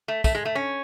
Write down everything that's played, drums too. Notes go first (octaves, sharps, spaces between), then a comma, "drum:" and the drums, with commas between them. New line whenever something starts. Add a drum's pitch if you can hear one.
A3
A3, drum: kick, tambourine
G#3
A3
C#4